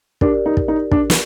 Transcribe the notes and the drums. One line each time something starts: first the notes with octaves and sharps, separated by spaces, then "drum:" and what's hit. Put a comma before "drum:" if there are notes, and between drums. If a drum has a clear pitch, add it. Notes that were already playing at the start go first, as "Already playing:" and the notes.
D4 G4 A#4 D5, drum: kick
D#4
drum: kick
D#4
D4, drum: kick
drum: snare